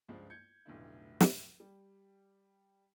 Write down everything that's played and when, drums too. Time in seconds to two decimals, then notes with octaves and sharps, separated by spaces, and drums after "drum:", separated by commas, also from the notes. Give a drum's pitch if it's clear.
0.08 C#2 G2 F3 G#3
0.30 G6 G#6 C#7
0.66 F1 B1 A2 D3 E4
1.21 drum: snare
1.60 G3